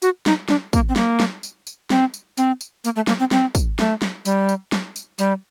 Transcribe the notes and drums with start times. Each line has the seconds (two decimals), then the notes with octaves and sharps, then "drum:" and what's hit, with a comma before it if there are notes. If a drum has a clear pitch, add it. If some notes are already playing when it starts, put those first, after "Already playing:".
0.02 F#4, drum: tambourine
0.26 D#4, drum: snare
0.49 D4, drum: snare
0.73 A#3, drum: kick, tambourine
0.89 C4
0.96 A#3, drum: snare
1.20 drum: snare
1.43 drum: tambourine
1.67 drum: tambourine
1.90 C4, drum: snare
2.14 drum: tambourine
2.37 C4, drum: tambourine
2.61 drum: tambourine
2.84 A#3, drum: tambourine
2.96 A3
3.07 A#3, drum: snare
3.19 C4
3.31 C4, drum: snare
3.55 drum: kick, tambourine
3.79 A3, drum: snare
4.02 drum: snare
4.25 G3, drum: tambourine
4.49 drum: tambourine
4.72 drum: snare
4.96 drum: tambourine
5.19 G3, drum: tambourine